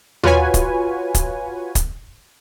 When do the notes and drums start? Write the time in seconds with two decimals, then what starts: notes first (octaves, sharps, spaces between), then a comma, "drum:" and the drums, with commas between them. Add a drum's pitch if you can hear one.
0.23 F4 F#4 B4 C#5 G#5, drum: tom D#2
0.54 drum: kick, hi-hat
1.15 drum: kick, hi-hat
1.75 drum: kick, hi-hat